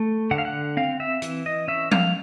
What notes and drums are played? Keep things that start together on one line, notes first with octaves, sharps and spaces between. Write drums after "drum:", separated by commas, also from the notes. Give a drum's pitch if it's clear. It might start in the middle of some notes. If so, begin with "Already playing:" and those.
Already playing: A3
D3 F#5
F5
F#5
C4 F5
E5
E3, drum: hi-hat
D#5
C#4 E5
F5, drum: tom F3